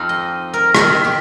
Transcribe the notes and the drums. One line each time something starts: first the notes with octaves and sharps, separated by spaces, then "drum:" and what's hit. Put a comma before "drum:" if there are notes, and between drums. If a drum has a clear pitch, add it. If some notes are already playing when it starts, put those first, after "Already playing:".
Already playing: F2 F3 C4 D#4 F5
D#5
A#4
D#3 C4 D#4 A#4, drum: rim click
G4